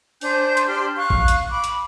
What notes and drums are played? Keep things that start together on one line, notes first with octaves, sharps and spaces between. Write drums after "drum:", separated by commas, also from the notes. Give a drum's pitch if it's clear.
D4 C5 G#5 G6, drum: open hi-hat
drum: hi-hat
D4 G4 C6 F6
F5 C#6 F#6
drum: kick A#1
drum: hi-hat
B5 D6
drum: hi-hat